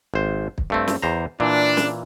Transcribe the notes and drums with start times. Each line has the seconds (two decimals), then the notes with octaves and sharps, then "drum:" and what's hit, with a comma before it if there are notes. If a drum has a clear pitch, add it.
0.14 G#1 C5
0.58 drum: kick
0.70 G2 A3 C4
0.88 drum: snare
1.02 E2 C5 A#5
1.40 A#2 E3 D4
1.77 drum: snare